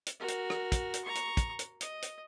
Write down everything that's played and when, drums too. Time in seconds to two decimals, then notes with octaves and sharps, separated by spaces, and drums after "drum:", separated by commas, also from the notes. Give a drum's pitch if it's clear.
0.07 drum: hi-hat
0.19 F#4 A#4
0.28 drum: hi-hat
0.50 drum: rim click
0.72 drum: kick, hi-hat
0.94 drum: hi-hat
1.04 A#5 C#6
1.15 drum: hi-hat
1.37 drum: kick, hi-hat
1.59 drum: hi-hat
1.81 D#5, drum: hi-hat
2.02 drum: hi-hat